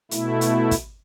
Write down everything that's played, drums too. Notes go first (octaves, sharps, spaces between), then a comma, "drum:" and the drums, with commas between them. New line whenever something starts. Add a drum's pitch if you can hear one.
B2 A3 E4, drum: hi-hat
drum: hi-hat
drum: kick, hi-hat